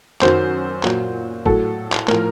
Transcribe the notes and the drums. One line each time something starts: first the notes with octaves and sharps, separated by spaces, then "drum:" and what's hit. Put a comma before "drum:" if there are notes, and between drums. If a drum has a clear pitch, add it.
F#2 D#3 F#3 C5, drum: clap
A#2 F#3, drum: clap
A2 F#3 A4, drum: kick
drum: clap
A2 F3 A#4, drum: clap